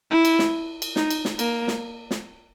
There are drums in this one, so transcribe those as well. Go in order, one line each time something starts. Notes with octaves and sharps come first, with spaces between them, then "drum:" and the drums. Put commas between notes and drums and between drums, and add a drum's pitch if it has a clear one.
E4
drum: cymbal
drum: snare
drum: cymbal
D#4, drum: snare
drum: cymbal
drum: snare
A#3, drum: cymbal
drum: snare
drum: snare